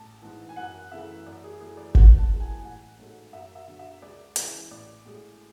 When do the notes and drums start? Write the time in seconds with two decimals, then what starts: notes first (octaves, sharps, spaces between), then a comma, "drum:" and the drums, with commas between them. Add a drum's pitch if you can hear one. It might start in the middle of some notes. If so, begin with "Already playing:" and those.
Already playing: A1 A5
0.22 G#2 E3
0.49 G#5
0.56 F#2 F#5
0.91 C#3 E3 A3 E5
1.26 F#2 D5
1.43 G#4
1.60 E3 A3 G#4
1.77 D5
1.95 F#1 F#5, drum: kick G1
2.18 A5
2.30 F#2 E3 G#3
2.40 G#5
2.60 G#5
2.63 A1 F#5
2.98 G#2 F#3 A3
3.33 F#2 E5
3.55 E5
3.68 D3 F#3
3.79 E5
4.02 C#2 D5
4.36 C#3 E3 G#3, drum: hi-hat
4.70 A1 D5
5.05 A2 G#3